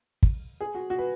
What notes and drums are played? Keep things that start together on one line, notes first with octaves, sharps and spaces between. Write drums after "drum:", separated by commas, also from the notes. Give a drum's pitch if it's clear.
drum: kick
G#4
F#4
F#4
B4